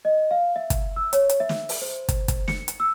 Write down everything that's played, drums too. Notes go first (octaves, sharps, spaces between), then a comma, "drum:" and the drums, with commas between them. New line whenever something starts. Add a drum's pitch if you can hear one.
D#5
F5
E5
drum: kick, hi-hat
E6
C#5, drum: hi-hat
drum: hi-hat
E5
drum: snare
drum: open hi-hat
C5
drum: kick, hi-hat
drum: kick, hi-hat
C#7, drum: snare
drum: hi-hat
E6